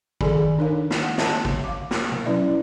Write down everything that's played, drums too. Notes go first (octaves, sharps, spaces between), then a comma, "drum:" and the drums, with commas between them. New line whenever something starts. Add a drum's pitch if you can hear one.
D#3 G#4 A4 D5 G#5 B5, drum: kick
D4 D#4 A#4 C#5 F5
drum: snare
F#5
C#5 E5 A5, drum: snare
drum: kick
F5 D6
drum: snare
drum: tom B2
F#3 C#4 E4 B4 D5 E5